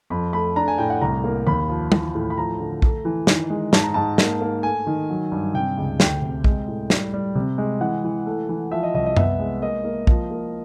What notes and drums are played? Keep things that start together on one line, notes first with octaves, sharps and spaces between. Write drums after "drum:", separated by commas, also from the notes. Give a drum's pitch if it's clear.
F2 B5
A3 B5
D4 A#5
G#5
A2 G5
F#5
C2 A#5
A#3
D#2 B5
F3
E3, drum: tom
A2
B5
F3 A#5
D3
A3, drum: kick A#1
E3
D#3, drum: snare
G#3
G#2 A5, drum: snare
A#5
G#2 A5
A#3, drum: snare
A#3
A3 G#5
D#3
F#3
G2
C3 G5
C#2
D2 G5, drum: snare
C3
G#3, drum: kick A#1
A2
G3, drum: snare
G3
C3
G#3
E3 F#5
E3
A3
E3
F3 E5
D#5
C2 D#5
D#5
B3 E5, drum: tom F#2
G#3
A#3 D#5
A#3
F3, drum: kick A#1
A#3